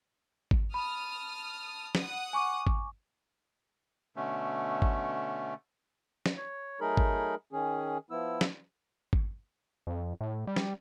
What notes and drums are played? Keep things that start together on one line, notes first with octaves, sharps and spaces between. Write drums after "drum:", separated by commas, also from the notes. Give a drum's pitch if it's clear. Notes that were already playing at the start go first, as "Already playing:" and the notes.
drum: kick G#1
A5 B5 D#6 F6
F#5 D#6, drum: snare
G#5 C#6 D6
drum: kick G#1
B2 D3 A3 C#4
drum: kick G#1
drum: snare
C#5
F#3 A3 D#4 G#4 A#4 B5
drum: kick G#1
D#3 C#4 G#4
F3 B3 E4 E6
drum: snare
drum: kick G#1
F2
A2
G3
drum: snare